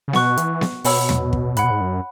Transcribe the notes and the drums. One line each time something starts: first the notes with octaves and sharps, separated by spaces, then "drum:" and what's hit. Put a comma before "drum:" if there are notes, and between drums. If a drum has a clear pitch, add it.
C#3
B2 F#5 C#6 F#6, drum: snare B3
E3, drum: hi-hat
drum: snare B3
B2 C#5 F#5 B5 E6, drum: open hi-hat
drum: tom
drum: kick
G#2 F#5 B5 F#6, drum: hi-hat
B2
G#2
F#2